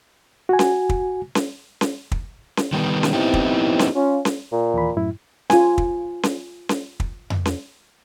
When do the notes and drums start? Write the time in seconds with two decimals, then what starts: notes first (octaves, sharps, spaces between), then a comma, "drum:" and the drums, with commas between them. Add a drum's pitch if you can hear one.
0.49 F#4 G#5
0.59 drum: snare C#4
0.89 drum: kick
1.35 drum: snare C#4
1.81 drum: snare C#4
2.12 drum: kick
2.57 drum: snare C#4
2.73 D#3 G3 B3
3.03 drum: snare C#4
3.13 B3 C4 D#4 E4 G4
3.34 drum: kick
3.79 drum: snare C#4
3.95 C#4 F4
4.25 drum: snare C#4
4.52 A#2
4.74 D#2 E3 B5
4.96 F#2 A2 E4
5.50 F4 G#5, drum: snare C#4
5.78 drum: kick
6.23 drum: snare C#4
6.69 drum: snare C#4
7.00 drum: kick
7.30 drum: tom F2
7.45 drum: snare C#4